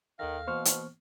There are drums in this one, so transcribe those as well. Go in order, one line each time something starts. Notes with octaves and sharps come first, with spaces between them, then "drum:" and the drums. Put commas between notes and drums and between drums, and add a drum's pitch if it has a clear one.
D#2 D#3 A4 F5 A#6
B2 E3 A#3 B3 C5 C#6 F6
drum: hi-hat